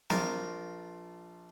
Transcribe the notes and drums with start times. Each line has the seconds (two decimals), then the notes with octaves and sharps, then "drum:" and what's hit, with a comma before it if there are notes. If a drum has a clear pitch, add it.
0.10 A#1 F4 A#4, drum: snare